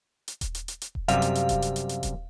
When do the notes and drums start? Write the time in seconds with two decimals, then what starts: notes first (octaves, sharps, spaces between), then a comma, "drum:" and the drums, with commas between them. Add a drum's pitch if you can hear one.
0.28 drum: hi-hat
0.41 drum: kick D#1, hi-hat
0.55 drum: hi-hat
0.68 drum: hi-hat
0.81 drum: hi-hat
0.95 drum: kick D#1
1.08 F#2 C3 G3 F5, drum: hi-hat
1.22 drum: hi-hat
1.35 drum: hi-hat
1.49 drum: kick D#1, hi-hat
1.62 drum: hi-hat
1.76 drum: hi-hat
1.89 drum: hi-hat
2.03 drum: kick D#1, hi-hat